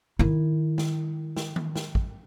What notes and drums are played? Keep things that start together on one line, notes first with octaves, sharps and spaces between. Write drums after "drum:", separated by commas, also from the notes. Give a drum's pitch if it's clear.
D#3 E4, drum: kick
drum: snare
drum: snare
drum: tom D#3
drum: snare
drum: kick